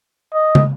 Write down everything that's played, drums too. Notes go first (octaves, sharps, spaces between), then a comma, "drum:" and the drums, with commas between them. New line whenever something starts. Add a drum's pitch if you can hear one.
D#5
drum: tom